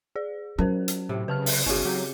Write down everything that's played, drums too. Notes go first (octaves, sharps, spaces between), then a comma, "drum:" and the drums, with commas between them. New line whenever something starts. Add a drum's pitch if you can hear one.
G#4 D5
F#3 C#4 A#4 C5
drum: hi-hat
A2 C3
C#3 B4 A5 F6
drum: open hi-hat
G1 C#3 C4 C#4 F#4
F#3 G4